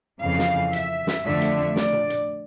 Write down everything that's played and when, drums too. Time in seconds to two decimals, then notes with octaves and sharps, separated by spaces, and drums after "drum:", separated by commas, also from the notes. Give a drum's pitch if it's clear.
0.21 F2 C#3 E3 F5
0.38 drum: snare
0.73 E5, drum: hi-hat
1.07 drum: snare
1.24 F2 D3 A3 E5
1.41 drum: hi-hat
1.76 D5, drum: snare
1.93 drum: tom A#2
2.10 drum: hi-hat